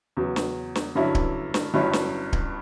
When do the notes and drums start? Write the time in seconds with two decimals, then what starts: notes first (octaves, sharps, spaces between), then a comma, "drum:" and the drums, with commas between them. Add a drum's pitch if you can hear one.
0.17 E2 C#3 F#3
0.36 drum: snare
0.75 drum: snare
0.95 G2 D3 F#3 C#4 E4
1.15 drum: kick D1
1.54 drum: snare
1.73 G1 G2 F#3 C#4 E4
1.93 drum: snare
2.33 drum: kick D1